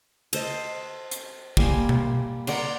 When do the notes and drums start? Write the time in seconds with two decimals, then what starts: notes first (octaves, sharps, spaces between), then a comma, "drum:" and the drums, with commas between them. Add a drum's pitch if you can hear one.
0.33 A4 C5 D#5, drum: cymbal
1.11 drum: hi-hat
1.57 G3 A#3 G#5 C6, drum: kick
1.89 drum: tom B2
2.47 A#4 D5 F#5 C6, drum: cymbal